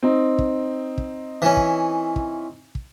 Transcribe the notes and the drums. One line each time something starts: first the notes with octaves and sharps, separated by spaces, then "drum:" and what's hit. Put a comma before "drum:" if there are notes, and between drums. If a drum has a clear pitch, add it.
C4 D#4
drum: kick
drum: kick
E3 C#4
drum: kick
drum: kick
drum: kick